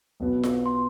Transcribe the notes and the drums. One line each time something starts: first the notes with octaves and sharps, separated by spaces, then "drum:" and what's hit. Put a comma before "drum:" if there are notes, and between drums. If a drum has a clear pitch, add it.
B1 B2 B3
drum: snare F4
C6